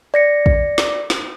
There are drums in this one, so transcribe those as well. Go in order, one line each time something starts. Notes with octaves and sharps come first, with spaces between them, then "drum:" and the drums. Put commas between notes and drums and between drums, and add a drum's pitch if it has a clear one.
D5 A#6 C#7
drum: kick
drum: snare
drum: snare